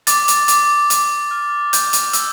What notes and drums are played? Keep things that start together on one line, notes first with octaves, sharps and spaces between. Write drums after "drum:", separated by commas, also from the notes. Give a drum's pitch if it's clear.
D6 A6, drum: hi-hat
drum: hi-hat
D6, drum: hi-hat
D6, drum: hi-hat
F6
G6, drum: hi-hat
drum: hi-hat
E6, drum: hi-hat